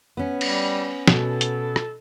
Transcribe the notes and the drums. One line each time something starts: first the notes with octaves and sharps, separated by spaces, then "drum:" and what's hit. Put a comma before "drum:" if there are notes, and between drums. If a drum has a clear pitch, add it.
B3 C#4
G3, drum: cymbal
B2 A4, drum: snare
drum: hi-hat
drum: rim click